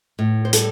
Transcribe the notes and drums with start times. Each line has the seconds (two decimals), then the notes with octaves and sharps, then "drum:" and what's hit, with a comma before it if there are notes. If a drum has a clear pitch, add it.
0.19 A2
0.45 C5
0.53 G3 A4, drum: hi-hat